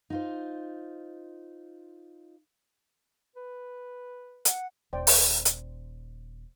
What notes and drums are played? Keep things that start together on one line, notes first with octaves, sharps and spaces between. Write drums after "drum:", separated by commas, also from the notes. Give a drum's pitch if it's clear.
D#4 F4 C5
B4
F#5, drum: hi-hat
D#1 C5 D5 G5
drum: open hi-hat
drum: hi-hat